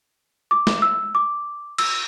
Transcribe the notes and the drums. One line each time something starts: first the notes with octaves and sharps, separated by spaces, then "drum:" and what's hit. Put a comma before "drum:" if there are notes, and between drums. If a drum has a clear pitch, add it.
D6
drum: snare
E6
D6
E6, drum: cymbal